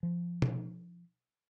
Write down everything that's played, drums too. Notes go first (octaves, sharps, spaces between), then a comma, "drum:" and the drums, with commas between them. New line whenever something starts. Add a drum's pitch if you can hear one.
F3
drum: tom B2